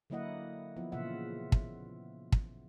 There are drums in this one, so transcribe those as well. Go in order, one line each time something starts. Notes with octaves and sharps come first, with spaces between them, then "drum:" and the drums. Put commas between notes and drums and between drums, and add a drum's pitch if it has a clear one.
D3 F#3 A#3 E4 D#5 F#5
F3 B3 E4
A#2 C#3 E3 F4 E5 F#5
drum: kick
drum: kick